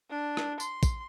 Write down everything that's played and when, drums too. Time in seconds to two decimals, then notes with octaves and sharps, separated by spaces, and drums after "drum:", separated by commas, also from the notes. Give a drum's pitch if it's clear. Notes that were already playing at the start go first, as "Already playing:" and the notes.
0.10 D4
0.37 drum: rim click
0.60 C6, drum: tambourine
0.83 drum: kick, tambourine